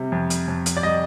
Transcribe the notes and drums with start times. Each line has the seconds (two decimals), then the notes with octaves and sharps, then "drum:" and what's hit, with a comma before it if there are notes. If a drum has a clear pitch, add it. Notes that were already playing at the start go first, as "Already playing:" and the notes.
Already playing: C3 G3
0.12 F2
0.30 drum: hi-hat
0.48 F2
0.66 drum: hi-hat
0.77 D5
0.83 G3 D#5